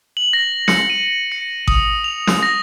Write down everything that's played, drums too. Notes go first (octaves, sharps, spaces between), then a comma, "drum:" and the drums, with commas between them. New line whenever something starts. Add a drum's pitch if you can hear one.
F#7
A#6
C#7, drum: snare
D#7
C#7
D#6, drum: kick G#1
F7
drum: snare
A#6